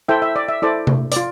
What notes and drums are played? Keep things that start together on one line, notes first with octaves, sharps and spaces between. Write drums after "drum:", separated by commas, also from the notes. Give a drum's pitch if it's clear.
E4 A4 C5 E5 G5
E5
D5
E5
E4 A4 C5 D5
drum: tom C3
D5, drum: hi-hat
F4